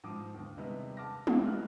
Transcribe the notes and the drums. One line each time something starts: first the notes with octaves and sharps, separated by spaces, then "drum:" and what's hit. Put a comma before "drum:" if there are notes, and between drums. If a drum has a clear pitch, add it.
G#2 F3 D6 D#6
G1 D#2
C3 D#3 G3 G#3 B3 E4
F#5 A5 D6 F6 A#6
F#3, drum: tom
E3 F#3 D#4 F#4 F6 F#6